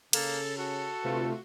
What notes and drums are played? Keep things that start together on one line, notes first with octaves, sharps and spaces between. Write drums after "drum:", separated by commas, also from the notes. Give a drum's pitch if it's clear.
C#3 A#3 A4, drum: cymbal
F#4 A4
D2 C3 A3 F4 B4